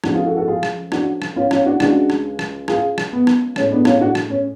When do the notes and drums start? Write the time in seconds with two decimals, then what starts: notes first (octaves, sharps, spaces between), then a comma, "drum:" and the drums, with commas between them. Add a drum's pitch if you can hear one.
0.04 F2 C#3 F3 G#3 D4 F#4, drum: rim click
0.15 F4 G#4
0.26 F#4 A4
0.37 F#4 A4
0.48 F4 G#4
0.63 drum: rim click
0.92 D4 F#4, drum: rim click
1.22 drum: rim click
1.36 C#4 F4
1.51 C#4 F4, drum: rim click
1.66 D4 F#4
1.80 C#2 C#3 G#3 D4 F#4, drum: rim click
2.10 drum: rim click
2.39 drum: rim click
2.68 F4 G#4, drum: rim click
2.98 drum: rim click
3.12 B3
3.27 drum: rim click
3.56 A2 G#3 C#4, drum: rim click
3.71 B3 D4
3.85 C#4 F4, drum: rim click
4.01 D4 F#4
4.15 drum: rim click
4.29 C#4